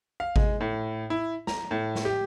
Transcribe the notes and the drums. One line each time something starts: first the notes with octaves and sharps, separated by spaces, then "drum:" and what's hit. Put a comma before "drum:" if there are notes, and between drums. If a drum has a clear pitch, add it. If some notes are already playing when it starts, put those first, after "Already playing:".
F5
G#3, drum: kick G#1
A2
E4
A#5, drum: snare
A2
drum: snare
G4